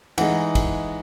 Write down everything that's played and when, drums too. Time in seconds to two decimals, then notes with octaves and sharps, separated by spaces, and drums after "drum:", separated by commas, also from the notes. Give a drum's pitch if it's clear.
0.18 E3 G#3 D#4 F#5, drum: cymbal
0.55 drum: kick, cymbal